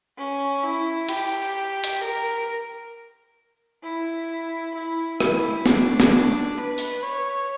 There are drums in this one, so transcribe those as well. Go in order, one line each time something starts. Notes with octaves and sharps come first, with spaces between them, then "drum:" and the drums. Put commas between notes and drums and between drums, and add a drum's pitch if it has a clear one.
C#4
E4
G4, drum: cymbal
drum: hi-hat
A#4
E4
E4
E4, drum: rim click
D4, drum: snare
drum: snare
B4
drum: open hi-hat
C#5